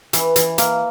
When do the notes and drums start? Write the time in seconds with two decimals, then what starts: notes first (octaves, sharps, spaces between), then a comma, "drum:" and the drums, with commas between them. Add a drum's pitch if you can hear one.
0.13 E3, drum: hi-hat
0.36 E3, drum: hi-hat
0.58 A#3, drum: hi-hat